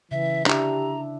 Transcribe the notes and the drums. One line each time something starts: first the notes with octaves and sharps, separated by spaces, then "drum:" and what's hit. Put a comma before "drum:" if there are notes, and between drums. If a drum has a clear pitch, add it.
C#3 E3 E5
D4 E4 G4 E5 A#5, drum: clap